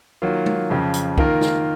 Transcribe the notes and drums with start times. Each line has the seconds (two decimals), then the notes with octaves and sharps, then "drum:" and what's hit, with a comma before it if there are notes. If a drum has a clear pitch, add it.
0.22 D#3 F#3 A#3 F4
0.46 drum: tom G#3
0.70 F2 C#3 F3
0.94 drum: hi-hat
1.18 D#3 A#3 F4 A#4, drum: kick
1.41 drum: snare